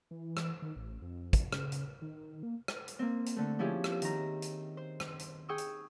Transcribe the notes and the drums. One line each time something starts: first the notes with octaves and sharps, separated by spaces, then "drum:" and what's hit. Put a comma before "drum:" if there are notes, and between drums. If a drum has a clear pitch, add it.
E3
drum: rim click
D#3
A1
F2
drum: kick, hi-hat
C#3, drum: rim click
drum: hi-hat
D#3
A#3
drum: rim click
drum: hi-hat
A#3 C4
drum: hi-hat
D3 A3
F3 C#4 E4 G4 G#4
drum: rim click
D#3 A#5, drum: hi-hat
drum: hi-hat
C5
drum: rim click
drum: hi-hat
G#4 G5 C#6 D#6 E6
drum: hi-hat